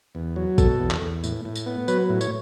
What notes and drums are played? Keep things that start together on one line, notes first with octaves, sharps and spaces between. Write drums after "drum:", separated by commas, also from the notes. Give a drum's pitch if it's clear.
E2
F#3
B2 A4, drum: kick, tambourine
E2
drum: clap
E2
A2, drum: tambourine
A2
drum: tambourine
B3
F#3 B4, drum: tambourine
A2
C#5, drum: tambourine